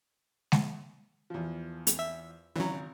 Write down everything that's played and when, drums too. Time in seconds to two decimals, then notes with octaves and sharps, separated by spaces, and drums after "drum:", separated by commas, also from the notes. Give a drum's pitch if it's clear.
0.52 drum: snare G#3
1.30 E2 F3
1.87 drum: hi-hat
1.99 E5
2.56 G#1 C#3 E3 F#3 A#5